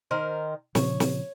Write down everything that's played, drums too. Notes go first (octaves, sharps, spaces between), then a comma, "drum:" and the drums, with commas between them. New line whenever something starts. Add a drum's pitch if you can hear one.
D#3 A#4 C5
A#2 C#3 F3 C#5, drum: snare
drum: snare